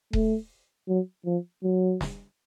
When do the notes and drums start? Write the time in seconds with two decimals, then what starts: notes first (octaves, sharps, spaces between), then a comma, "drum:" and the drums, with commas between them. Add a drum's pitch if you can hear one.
0.13 A3, drum: kick D#1
0.88 F#3
1.26 F3
1.63 F#3
2.01 drum: snare